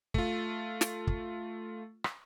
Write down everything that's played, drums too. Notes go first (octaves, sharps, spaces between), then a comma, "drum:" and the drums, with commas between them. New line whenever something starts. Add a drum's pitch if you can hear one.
A3 F4, drum: kick
drum: snare
drum: kick
drum: rim click